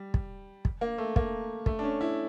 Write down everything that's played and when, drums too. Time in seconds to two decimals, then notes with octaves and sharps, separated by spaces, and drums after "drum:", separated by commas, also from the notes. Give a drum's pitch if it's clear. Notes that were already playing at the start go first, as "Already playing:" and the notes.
Already playing: G3
0.14 drum: kick
0.65 drum: kick
0.81 A#3
0.98 A3
1.16 A#3, drum: kick
1.66 A3, drum: kick
1.79 D4
1.83 C#4
2.01 E4